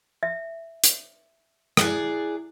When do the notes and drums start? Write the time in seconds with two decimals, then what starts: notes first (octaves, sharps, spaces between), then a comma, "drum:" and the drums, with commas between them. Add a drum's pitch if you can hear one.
0.23 E5
0.84 drum: hi-hat
1.77 E4 G#4 D5 F#6, drum: rim click